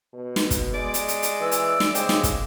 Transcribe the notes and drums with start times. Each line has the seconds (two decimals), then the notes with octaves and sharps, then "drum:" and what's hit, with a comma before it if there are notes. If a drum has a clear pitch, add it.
0.14 B2
0.36 drum: snare
0.51 drum: kick, hi-hat
0.74 G#3 D5
0.94 drum: hi-hat
1.08 drum: hi-hat
1.23 drum: hi-hat
1.40 E3 E6
1.51 drum: hi-hat
1.80 drum: snare
1.95 C#3 G#3 C4 D6, drum: hi-hat
2.09 drum: snare
2.23 drum: kick, hi-hat